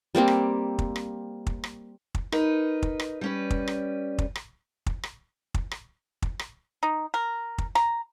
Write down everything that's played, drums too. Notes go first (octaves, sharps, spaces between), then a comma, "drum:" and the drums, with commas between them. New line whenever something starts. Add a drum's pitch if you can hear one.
G3 A#3 C4 G4
drum: rim click
drum: kick
drum: rim click
drum: kick
drum: rim click
drum: kick
D#4 A#4 B4, drum: rim click
drum: kick
drum: rim click
G3 C#4 B4
drum: kick
drum: rim click
drum: kick
drum: rim click
drum: kick
drum: rim click
drum: kick
drum: rim click
drum: kick
drum: rim click
D#4
A#4
drum: kick
A#5, drum: rim click